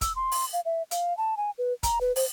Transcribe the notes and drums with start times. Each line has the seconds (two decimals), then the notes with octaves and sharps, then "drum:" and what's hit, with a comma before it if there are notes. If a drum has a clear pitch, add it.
0.01 E6, drum: kick, hi-hat
0.16 C6
0.32 drum: open hi-hat
0.53 F5
0.65 E5
0.91 F5, drum: hi-hat
1.17 A5
1.37 G#5
1.58 B4
1.83 A#5, drum: kick, hi-hat
2.01 B4
2.16 C5, drum: open hi-hat